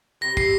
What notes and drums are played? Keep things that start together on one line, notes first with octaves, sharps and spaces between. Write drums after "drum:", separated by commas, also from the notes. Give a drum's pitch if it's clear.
G3 C4 G4 A#6
C7, drum: kick